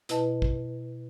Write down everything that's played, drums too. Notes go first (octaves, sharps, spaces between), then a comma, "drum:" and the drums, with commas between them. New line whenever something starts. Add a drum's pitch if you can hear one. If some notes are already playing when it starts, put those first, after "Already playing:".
B2 E4 B4 D#5 A5, drum: hi-hat
drum: kick